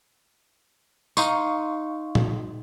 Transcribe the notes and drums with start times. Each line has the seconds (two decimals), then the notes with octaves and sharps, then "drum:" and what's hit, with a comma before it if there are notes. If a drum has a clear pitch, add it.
1.17 D#4 F5 C6 C#6, drum: tambourine
2.15 drum: tom